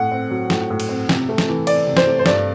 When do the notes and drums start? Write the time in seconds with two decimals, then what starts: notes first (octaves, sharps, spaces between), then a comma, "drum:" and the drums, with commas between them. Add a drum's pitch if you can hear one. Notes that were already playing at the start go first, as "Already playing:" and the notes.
Already playing: A2 F#5
0.11 C4
0.30 F#3
0.50 A2, drum: snare
0.70 A2
0.80 drum: cymbal
0.89 C4
1.09 C3, drum: snare
1.29 A3
1.38 drum: snare
1.49 E3
1.67 C4 D5, drum: cymbal
1.87 C3
1.97 C5, drum: snare
2.07 A3
2.19 C5
2.26 G2 D5, drum: snare